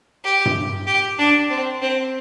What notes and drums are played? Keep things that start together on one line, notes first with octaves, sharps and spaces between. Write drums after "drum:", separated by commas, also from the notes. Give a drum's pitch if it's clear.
G4
drum: tom G2
G4
D4
C4
C4